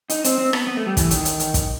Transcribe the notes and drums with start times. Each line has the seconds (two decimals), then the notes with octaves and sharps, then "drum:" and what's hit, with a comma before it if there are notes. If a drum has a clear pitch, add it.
0.10 D#4, drum: hi-hat
0.24 C4, drum: hi-hat
0.38 C4
0.53 B3, drum: rim click
0.67 B3
0.77 A3
0.86 G3
0.97 E3, drum: kick, hi-hat
1.11 D#3, drum: hi-hat
1.25 drum: hi-hat
1.40 drum: hi-hat
1.54 drum: kick, hi-hat